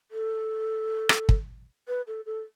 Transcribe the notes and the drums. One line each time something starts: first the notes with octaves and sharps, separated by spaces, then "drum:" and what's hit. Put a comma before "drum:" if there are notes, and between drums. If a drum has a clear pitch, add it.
A4
drum: rim click
drum: kick
B4
A4
A4